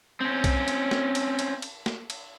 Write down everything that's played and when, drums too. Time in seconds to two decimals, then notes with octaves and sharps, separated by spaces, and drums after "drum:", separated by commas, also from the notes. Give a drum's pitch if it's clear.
0.20 C4 C#4
0.44 drum: kick, cymbal
0.68 drum: cymbal
0.91 drum: snare
1.15 drum: cymbal
1.39 drum: cymbal
1.62 drum: cymbal
1.86 drum: snare
2.10 drum: cymbal